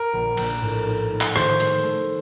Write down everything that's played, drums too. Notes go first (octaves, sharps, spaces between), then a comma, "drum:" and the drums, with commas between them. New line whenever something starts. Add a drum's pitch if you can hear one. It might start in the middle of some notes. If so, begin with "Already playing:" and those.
Already playing: A#4
A#1
A#1, drum: cymbal
A2
D#4
A3
drum: clap
D#3 C5, drum: rim click
A3, drum: hi-hat
A3